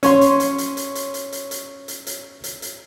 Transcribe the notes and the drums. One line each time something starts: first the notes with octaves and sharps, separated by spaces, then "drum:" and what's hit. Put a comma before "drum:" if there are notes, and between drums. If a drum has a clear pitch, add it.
C#4 C#5 C6, drum: hi-hat
drum: hi-hat
drum: hi-hat
drum: hi-hat
drum: hi-hat
drum: hi-hat
drum: hi-hat
drum: hi-hat
drum: hi-hat
drum: hi-hat
drum: hi-hat
drum: hi-hat
drum: hi-hat